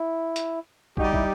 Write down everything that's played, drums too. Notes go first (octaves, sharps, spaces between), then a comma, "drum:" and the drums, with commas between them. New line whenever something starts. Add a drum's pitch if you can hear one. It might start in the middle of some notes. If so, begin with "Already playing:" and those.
Already playing: E4
drum: hi-hat
G3 D#4 F#4 G4, drum: kick
E4, drum: kick